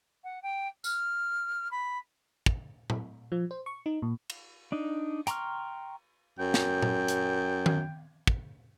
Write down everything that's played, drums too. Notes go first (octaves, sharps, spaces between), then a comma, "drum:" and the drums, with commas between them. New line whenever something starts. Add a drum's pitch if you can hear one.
F#5
G5
F6, drum: tambourine
B5
drum: kick
drum: tom A#2
F3
C5
C#6
D#4
A#2
drum: cymbal
D4 D#4
G5 A#5 C6 C#6 F6, drum: hi-hat
F#2 G5
drum: snare
drum: tom A#2
drum: hi-hat
drum: tom D#3
drum: kick